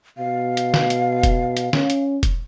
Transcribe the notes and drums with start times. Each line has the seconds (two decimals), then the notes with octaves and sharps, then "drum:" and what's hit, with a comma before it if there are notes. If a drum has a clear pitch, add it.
0.18 B2 F5
0.57 drum: hi-hat
0.74 drum: snare
0.90 drum: hi-hat
1.23 drum: kick, hi-hat
1.57 drum: hi-hat
1.73 C#4, drum: snare
1.90 drum: hi-hat
2.23 drum: kick, hi-hat